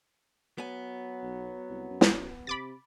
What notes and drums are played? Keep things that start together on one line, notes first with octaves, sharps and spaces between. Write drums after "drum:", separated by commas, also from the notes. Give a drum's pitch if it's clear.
F#3 B3 G#5
B1
C2
F#2
drum: snare
C3 B5 D6 A6